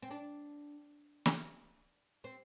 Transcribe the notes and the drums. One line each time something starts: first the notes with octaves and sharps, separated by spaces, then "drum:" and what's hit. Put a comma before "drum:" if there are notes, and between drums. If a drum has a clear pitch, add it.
C4
D4
drum: snare
C4